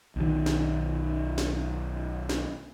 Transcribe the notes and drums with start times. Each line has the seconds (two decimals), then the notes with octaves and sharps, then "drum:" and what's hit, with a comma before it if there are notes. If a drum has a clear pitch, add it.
0.16 B1 D#3
0.46 drum: snare
1.38 drum: snare
2.29 drum: snare